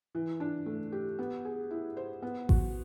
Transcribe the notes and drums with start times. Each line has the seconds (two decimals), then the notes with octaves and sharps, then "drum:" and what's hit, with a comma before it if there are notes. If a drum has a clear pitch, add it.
0.15 E3
0.40 D4
0.66 A3
0.92 G4
1.19 B3
1.45 G#4
1.70 E4
1.97 C5
2.22 B3
2.49 F#4, drum: kick A1